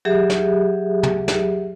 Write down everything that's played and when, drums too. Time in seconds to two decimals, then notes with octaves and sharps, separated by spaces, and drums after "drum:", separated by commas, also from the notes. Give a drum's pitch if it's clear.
0.05 F#3 G4 G#4 E5
0.30 drum: snare
1.03 drum: tom
1.28 drum: snare